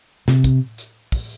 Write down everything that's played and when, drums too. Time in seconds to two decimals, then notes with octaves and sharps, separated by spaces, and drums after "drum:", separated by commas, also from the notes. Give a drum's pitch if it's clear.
0.28 C3, drum: snare
0.44 drum: kick, hi-hat
0.78 drum: hi-hat
1.12 drum: kick, open hi-hat